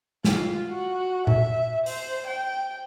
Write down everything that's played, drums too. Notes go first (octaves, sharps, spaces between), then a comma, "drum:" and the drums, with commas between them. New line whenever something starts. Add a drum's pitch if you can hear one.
F4, drum: snare
F#4
E5, drum: tom A#2
C5, drum: open hi-hat
G5